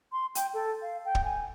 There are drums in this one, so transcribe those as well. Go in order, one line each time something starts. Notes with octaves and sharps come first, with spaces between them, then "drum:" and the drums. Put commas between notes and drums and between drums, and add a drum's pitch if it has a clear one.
C6
G5, drum: hi-hat
A4
F5
G5
drum: kick
G#5